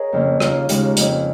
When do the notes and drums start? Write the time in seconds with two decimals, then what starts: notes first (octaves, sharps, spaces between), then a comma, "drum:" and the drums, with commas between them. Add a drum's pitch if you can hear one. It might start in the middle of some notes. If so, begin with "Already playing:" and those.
Already playing: G#4 A#4 C#5 D#5
0.13 F2 C#3 A#3
0.40 D#2 C#3 A#3 F4, drum: rim click
0.69 D#2 C#3 G#3, drum: hi-hat
0.97 F2 C#3 A#3, drum: hi-hat